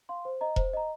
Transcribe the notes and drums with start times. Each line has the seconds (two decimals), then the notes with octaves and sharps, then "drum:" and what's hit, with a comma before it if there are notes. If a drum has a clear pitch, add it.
0.09 F5 C6
0.25 C5
0.41 D#5 A#5
0.56 C5, drum: kick E1
0.73 D#5 A#5